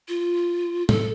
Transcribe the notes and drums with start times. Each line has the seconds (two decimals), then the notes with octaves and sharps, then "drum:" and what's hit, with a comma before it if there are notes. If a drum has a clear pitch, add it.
0.08 F4
0.89 A4, drum: tom A2